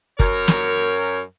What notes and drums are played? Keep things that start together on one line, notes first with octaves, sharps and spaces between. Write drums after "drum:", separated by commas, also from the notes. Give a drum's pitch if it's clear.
F#2 A#4 C#5, drum: kick
drum: snare